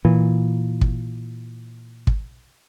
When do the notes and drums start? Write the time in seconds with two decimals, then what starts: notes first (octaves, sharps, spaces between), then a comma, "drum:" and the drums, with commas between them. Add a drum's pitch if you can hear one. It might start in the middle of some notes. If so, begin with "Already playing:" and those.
0.05 A#2 E3
0.81 drum: kick
2.07 drum: kick